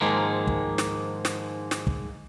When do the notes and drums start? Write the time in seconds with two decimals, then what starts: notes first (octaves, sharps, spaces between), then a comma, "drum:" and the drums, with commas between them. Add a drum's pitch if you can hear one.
0.01 G#2 D#3 F3 G#3 A#3
0.47 drum: kick
0.78 drum: snare
1.25 drum: snare
1.71 drum: snare
1.87 drum: kick